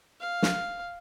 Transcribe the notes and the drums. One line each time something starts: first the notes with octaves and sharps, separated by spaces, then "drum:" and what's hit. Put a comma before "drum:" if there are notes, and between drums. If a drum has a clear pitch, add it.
F5
drum: snare